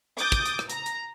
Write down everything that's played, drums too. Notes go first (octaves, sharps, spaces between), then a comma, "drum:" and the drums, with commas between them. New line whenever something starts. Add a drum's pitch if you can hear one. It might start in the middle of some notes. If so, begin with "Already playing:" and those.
D6 D#6 G6 A6, drum: hi-hat
drum: kick, hi-hat
drum: hi-hat
drum: rim click
A#5, drum: hi-hat
drum: hi-hat